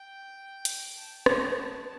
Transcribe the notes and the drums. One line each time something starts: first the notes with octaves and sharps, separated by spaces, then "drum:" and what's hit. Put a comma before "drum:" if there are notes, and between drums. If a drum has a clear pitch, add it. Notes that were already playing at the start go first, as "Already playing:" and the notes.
Already playing: G5
drum: hi-hat
A5
drum: rim click